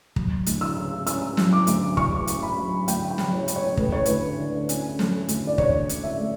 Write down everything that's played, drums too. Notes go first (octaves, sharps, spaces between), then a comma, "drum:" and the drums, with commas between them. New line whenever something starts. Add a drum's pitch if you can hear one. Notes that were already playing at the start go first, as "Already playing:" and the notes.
F#3, drum: kick
D2, drum: hi-hat
E6
C#3
C#4 E6, drum: hi-hat
F#3, drum: snare
D6
D2, drum: hi-hat
C#3 C#6, drum: kick
C#4, drum: hi-hat
B5
F#3
D2 G5, drum: hi-hat
G5
C#3, drum: snare
C#5
C#4, drum: hi-hat
C#5
A3 B4, drum: kick
C#5
D2 B4, drum: hi-hat
D3
C#4, drum: hi-hat
A3, drum: snare
D2, drum: hi-hat
D5
D3 C#5, drum: kick
C#4, drum: hi-hat
E5
A3